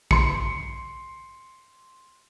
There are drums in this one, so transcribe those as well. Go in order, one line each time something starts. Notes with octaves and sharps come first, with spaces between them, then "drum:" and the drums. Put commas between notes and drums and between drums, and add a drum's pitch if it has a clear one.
C6 C#7, drum: kick A#1